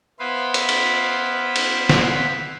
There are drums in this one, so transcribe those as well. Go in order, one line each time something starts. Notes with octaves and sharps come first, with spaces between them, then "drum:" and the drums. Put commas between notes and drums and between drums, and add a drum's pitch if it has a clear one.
B3 E4 B4 C5 F5 B5
drum: hi-hat
drum: cymbal
drum: cymbal
drum: snare